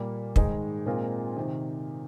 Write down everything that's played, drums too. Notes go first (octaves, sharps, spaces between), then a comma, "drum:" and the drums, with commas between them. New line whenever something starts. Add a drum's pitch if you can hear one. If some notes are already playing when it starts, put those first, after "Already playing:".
Already playing: A#2 G3 A#3
G#2 D#3 G#3 D#4, drum: kick
A#2 G#3 C4 F4 A#4
C3 D#3